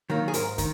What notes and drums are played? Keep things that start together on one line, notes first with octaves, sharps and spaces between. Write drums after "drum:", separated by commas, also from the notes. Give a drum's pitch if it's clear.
D#3 F#3 A#3
G#4
G#2 A#4, drum: hi-hat
D#3, drum: kick, hi-hat